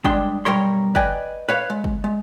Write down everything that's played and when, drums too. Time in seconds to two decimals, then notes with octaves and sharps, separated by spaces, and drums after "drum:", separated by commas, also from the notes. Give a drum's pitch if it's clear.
0.04 G2 G#3 D4 G5 C6, drum: kick
0.45 B1 G2 G3 A#4 C#5 C6
0.95 B4 D5 D#5 G5 G#5, drum: kick
1.49 B4 C#5 F5
1.70 G#3
1.84 drum: kick
2.04 G#3